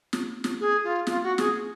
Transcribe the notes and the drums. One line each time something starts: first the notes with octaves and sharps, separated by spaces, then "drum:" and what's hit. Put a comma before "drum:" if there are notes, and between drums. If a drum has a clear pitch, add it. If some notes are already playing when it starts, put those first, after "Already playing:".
drum: snare
drum: snare
G#4
F4
F4, drum: snare
F#4
G#4, drum: snare